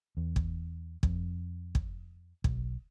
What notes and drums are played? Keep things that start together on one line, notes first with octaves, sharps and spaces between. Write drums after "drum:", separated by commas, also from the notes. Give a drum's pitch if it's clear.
E2
drum: kick
F2, drum: kick
drum: kick
B1, drum: kick